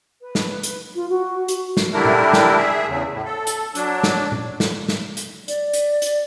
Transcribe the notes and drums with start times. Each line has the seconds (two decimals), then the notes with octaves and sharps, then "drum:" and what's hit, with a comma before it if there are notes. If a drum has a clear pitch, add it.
0.21 B4
0.35 drum: snare
0.63 drum: hi-hat
0.95 F4
1.09 F#4
1.48 drum: hi-hat
1.77 drum: snare
1.94 D3 G3 A3 D4 E4 A#4
2.05 drum: tom A#2
2.33 drum: snare
2.57 G#4 E5
2.87 E2 C#3
3.13 A2
3.25 A4
3.47 drum: hi-hat
3.75 F#3 D4, drum: hi-hat
4.03 drum: snare
4.32 drum: tom A#2
4.60 drum: snare
4.88 drum: snare
5.17 drum: hi-hat
5.48 D5, drum: hi-hat
5.73 drum: hi-hat
6.02 drum: hi-hat